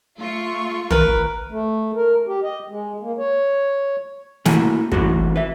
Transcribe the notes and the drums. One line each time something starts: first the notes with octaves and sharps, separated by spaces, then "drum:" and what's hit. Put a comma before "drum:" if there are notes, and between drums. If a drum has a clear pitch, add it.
A3 F4 C#6
A#4 B4, drum: tom
A3
A#4
G4
D#5
G#3
A#3
C#5
A3 A#3 E4 F#4 A4 G#5, drum: snare
C2 E3 A3 F#4 A4, drum: kick
B4 E5